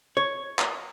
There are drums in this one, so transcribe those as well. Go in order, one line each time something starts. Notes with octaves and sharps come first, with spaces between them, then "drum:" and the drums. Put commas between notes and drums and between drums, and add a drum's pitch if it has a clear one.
C#5
drum: clap